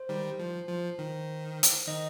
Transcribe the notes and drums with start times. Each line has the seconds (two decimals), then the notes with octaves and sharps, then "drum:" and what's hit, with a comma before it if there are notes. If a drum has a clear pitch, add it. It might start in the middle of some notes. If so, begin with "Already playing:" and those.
Already playing: C5
0.09 D#3 G3
0.39 F3
0.68 F3
0.99 D#3
1.63 drum: hi-hat
1.87 D#3 D#5